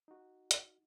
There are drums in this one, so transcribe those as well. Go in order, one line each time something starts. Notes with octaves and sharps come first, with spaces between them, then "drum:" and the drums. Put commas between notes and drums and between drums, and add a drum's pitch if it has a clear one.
D#4 F#4
drum: hi-hat